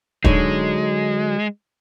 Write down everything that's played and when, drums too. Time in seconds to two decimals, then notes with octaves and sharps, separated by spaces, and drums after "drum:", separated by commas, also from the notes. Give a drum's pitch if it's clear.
0.24 D3 F#3 G#3 D#4, drum: kick